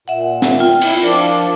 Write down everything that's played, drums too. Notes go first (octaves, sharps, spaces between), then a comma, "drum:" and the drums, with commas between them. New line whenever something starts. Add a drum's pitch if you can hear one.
A#2 E5 F#5
drum: snare
F4 G5
E4, drum: cymbal
F3 D4 A#4 D5